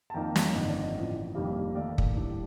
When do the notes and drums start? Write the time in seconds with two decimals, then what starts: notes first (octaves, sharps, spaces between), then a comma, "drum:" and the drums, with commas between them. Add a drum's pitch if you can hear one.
0.10 A5
0.14 F2 D#3 A#3 D#4 G5 A#5
0.36 drum: snare
0.55 G1 F2 D#3 D#5
0.68 D5
0.81 D#5
0.94 A1 A2 F3
1.35 F1 F2 D#3 G3 A#3
1.75 D#2 D#3 A3 D5 F5
1.98 drum: kick
2.16 A2 G3 D4